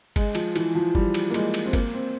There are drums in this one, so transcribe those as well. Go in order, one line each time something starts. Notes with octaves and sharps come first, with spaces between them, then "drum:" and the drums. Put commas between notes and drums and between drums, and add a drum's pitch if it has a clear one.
G#3, drum: kick G1, cymbal
F3, drum: cymbal
E3, drum: cymbal
F3
G3, drum: kick G1
drum: cymbal
A#3
G#3, drum: cymbal
drum: cymbal
C4
A#3, drum: kick G1, cymbal
C4